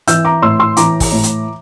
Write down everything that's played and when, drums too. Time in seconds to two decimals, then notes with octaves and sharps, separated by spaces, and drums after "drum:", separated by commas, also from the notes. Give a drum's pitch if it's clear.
0.07 E3 E6 G6, drum: hi-hat
0.25 A#5 D6
0.42 A2 C6 E6
0.59 C6 E6
0.77 E3 A#5 D6, drum: hi-hat
1.00 drum: kick, open hi-hat
1.12 A2
1.23 drum: hi-hat